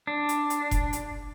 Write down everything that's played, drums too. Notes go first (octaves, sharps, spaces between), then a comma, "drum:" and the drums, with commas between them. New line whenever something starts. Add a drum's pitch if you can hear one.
D4
drum: hi-hat
drum: hi-hat
drum: kick F1, hi-hat
drum: hi-hat